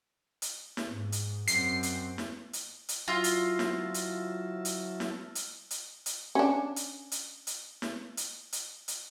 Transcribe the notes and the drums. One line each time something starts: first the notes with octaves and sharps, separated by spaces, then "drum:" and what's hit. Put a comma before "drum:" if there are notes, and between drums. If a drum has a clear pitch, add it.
drum: hi-hat
drum: snare
G#2
drum: hi-hat
F#2 C4 C7, drum: hi-hat
drum: hi-hat
drum: snare
drum: hi-hat
drum: hi-hat
F#3 E4 F4 A5 E6 F6 A#6
drum: hi-hat
drum: snare
drum: hi-hat
drum: hi-hat
drum: snare
drum: hi-hat
drum: hi-hat
drum: hi-hat
C#4 D4
drum: hi-hat
drum: hi-hat
drum: hi-hat
drum: snare
drum: hi-hat
drum: hi-hat
drum: hi-hat